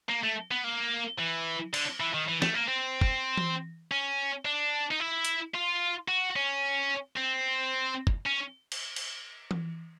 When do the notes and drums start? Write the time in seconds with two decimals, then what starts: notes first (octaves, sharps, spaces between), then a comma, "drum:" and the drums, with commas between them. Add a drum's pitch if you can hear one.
0.09 A#3
0.23 A3
0.51 B3
0.64 A#3
1.19 E3
1.74 D3, drum: cymbal
2.00 E3
2.14 D#3
2.28 E3
2.42 A3, drum: snare
2.55 A#3
2.69 C4
3.01 drum: kick
3.37 drum: tom E3
3.92 C#4
4.45 D4
4.91 D#4
5.00 E4
5.25 drum: hi-hat
5.54 F4
6.08 F#4
6.36 C#4
7.17 C4
8.07 drum: kick
8.27 C#4
8.72 drum: cymbal
8.96 drum: cymbal
9.51 drum: tom E3